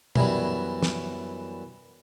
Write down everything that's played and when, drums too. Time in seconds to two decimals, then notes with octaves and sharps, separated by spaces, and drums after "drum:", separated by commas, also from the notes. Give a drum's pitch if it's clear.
0.16 F#2 E3 F#3 G3 B3 D4, drum: tom B2
0.83 drum: snare